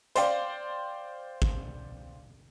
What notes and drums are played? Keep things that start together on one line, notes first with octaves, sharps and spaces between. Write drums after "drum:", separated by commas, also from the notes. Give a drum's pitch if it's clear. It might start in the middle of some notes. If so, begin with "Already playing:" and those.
C5 D5 F5 G5, drum: hi-hat
drum: kick